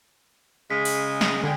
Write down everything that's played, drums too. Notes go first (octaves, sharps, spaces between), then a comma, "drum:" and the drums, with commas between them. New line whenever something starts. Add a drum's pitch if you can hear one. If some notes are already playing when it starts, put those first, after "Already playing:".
C#3 G#3 B6
drum: open hi-hat
drum: snare
D3 G#4 G5